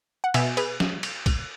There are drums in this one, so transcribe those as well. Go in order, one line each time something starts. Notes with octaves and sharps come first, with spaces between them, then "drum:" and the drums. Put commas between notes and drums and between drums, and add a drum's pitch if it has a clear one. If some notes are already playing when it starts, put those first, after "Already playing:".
F#5
B2 E5 G#5, drum: cymbal
G#4 B4, drum: cymbal
drum: snare
drum: cymbal
drum: kick, cymbal